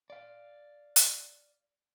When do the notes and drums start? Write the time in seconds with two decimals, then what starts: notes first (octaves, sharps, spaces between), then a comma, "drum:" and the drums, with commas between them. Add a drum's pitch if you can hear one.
0.10 D5 F5
0.96 drum: hi-hat